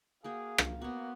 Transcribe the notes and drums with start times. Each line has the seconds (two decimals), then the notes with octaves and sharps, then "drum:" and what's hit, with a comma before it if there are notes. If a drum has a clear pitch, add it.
0.24 A#3 F#4 G#4 F5 G5
0.58 drum: rim click
0.81 A#3 B3 F#4 C#5